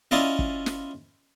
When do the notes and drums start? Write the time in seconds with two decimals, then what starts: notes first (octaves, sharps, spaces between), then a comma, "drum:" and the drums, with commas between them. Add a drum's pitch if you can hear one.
0.11 C#4 E4 F4 D5 D#5
0.39 drum: kick
0.66 drum: snare